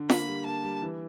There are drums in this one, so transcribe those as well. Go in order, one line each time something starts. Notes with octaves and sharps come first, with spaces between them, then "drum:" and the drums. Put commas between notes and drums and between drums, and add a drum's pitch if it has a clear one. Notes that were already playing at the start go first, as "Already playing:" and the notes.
Already playing: D3
A#3 B5, drum: snare
G3
A#3 A5
G3
E3